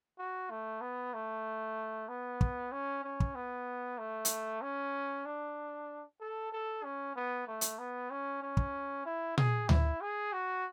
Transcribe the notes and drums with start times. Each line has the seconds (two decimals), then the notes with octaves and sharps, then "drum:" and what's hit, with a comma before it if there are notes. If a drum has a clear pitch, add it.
0.18 F#4
0.50 A3
0.81 B3
1.14 A3
2.08 B3
2.41 drum: kick
2.72 C#4
3.04 C#4
3.20 drum: kick
3.35 B3
3.98 A3
4.25 drum: hi-hat
4.62 C#4
5.25 D4
6.21 A4
6.52 A4
6.84 C#4
7.16 B3
7.47 A3
7.61 drum: hi-hat
7.79 B3
8.11 C#4
8.43 C#4
8.57 drum: kick
9.06 E4
9.38 G#4, drum: tom A#2
9.69 E4, drum: tom D2
10.01 G#4
10.33 F#4